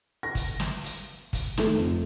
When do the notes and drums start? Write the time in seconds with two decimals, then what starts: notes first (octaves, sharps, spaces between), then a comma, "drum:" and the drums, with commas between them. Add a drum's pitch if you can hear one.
0.23 A#6
0.35 drum: kick, hi-hat
0.60 drum: snare
0.84 drum: hi-hat
1.33 drum: kick, hi-hat
1.57 D#3 A3 A4, drum: snare
1.77 F2